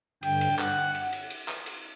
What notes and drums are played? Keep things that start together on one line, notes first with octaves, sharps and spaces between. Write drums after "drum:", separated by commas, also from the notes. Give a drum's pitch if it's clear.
G2 D3 G5, drum: cymbal
drum: cymbal
F#5, drum: clap
drum: cymbal
drum: cymbal
drum: cymbal
drum: clap
drum: cymbal